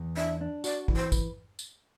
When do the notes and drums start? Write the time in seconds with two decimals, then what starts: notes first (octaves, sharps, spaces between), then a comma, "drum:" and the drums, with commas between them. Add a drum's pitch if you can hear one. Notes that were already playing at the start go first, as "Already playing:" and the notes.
Already playing: E2
0.17 D4 E5
0.41 D4
0.64 F#4 D5, drum: tambourine
0.88 E3, drum: kick
0.96 C5
1.12 B4, drum: kick, tambourine
1.59 drum: tambourine